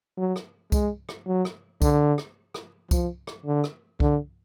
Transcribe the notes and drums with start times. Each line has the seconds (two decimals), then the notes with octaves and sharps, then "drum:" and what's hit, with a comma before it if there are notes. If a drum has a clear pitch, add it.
0.17 F#3
0.36 drum: rim click
0.72 G#3, drum: kick C2, tambourine
1.09 drum: rim click
1.27 F#3
1.45 drum: rim click
1.82 D3, drum: kick C2, tambourine
2.18 drum: rim click
2.54 drum: rim click
2.91 F3, drum: kick C2, tambourine
3.27 drum: rim click
3.46 D3
3.64 drum: rim click
4.00 D3, drum: kick C2